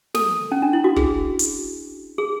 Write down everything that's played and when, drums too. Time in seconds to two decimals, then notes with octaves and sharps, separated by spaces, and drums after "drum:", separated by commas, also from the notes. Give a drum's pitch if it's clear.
0.15 A4, drum: snare
0.52 C#4
0.62 D4
0.73 E4
0.84 F#4
0.96 G#4, drum: kick
1.39 drum: hi-hat
2.18 G#4